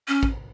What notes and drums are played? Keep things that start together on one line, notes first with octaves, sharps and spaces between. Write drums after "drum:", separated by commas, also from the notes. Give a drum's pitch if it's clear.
C#4
drum: kick A1